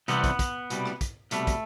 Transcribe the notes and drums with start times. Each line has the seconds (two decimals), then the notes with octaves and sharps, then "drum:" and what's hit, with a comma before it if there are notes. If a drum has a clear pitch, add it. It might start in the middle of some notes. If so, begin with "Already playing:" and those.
0.08 C2 C3 E3 G3 B3, drum: hi-hat
0.24 drum: kick, hi-hat
0.39 drum: kick, hi-hat
0.70 C2 B2 G3, drum: hi-hat
0.85 drum: rim click
1.01 drum: kick, hi-hat
1.31 C2 B2 G3 A3, drum: hi-hat
1.47 drum: kick, hi-hat